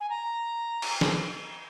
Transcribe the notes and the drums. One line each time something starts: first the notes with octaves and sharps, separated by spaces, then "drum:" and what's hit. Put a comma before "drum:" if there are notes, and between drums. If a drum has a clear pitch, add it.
G#5
A#5
drum: cymbal
drum: snare